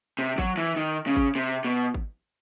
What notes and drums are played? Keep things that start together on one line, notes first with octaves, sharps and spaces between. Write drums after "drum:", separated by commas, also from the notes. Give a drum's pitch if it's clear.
C3
F#3, drum: kick G#1
E3
D#3
C#3
drum: kick G#1
C3
B2
drum: kick G#1